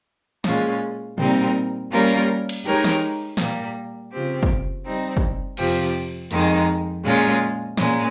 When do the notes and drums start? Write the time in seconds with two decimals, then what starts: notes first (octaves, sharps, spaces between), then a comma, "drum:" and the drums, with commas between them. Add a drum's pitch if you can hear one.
0.44 A#2 G#3 C#4 F4, drum: snare
1.18 A#2 G3 C4 D#4 A#4, drum: tom C3
1.91 G3 A#3 C#4 F4 A#4
2.49 drum: cymbal
2.64 G#3 D#4 G4 A#4 C#5
2.84 drum: snare
3.37 A#2 G3 A#3, drum: snare
4.11 C#3 F3 C4 G4
4.43 drum: kick
4.84 G3 C4 D#4
5.17 drum: kick
5.57 F2 C3 F3 C4 G4, drum: cymbal
6.31 F2 D#3 G#3 D#4, drum: hi-hat
7.04 A#2 G#3 C#4 F4 G#4
7.77 A#2 G#3 C#4, drum: snare